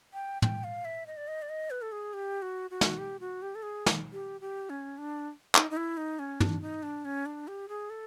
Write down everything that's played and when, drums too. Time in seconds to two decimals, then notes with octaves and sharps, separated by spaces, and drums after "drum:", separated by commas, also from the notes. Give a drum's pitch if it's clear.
0.14 G5
0.42 G5, drum: tom
0.64 F5
0.85 E5
1.07 D#5
1.17 D5
1.28 D#5
1.42 D5
1.49 D#5
1.71 B4
1.82 A4
1.92 G#4
2.14 G4
2.42 F#4
2.71 F#4
2.81 drum: snare
2.98 G4
3.20 F#4
3.42 G4
3.55 A4
3.63 G#4
3.86 drum: snare
4.13 G4
4.41 G4
4.70 C#4
4.98 D4
5.55 D#4, drum: clap
5.71 D#4
5.77 E4
5.97 D#4
6.19 C#4
6.40 D4, drum: tom
6.62 D#4
6.83 D4
7.05 C#4
7.26 D4
7.48 G4
7.69 G#4
7.90 A4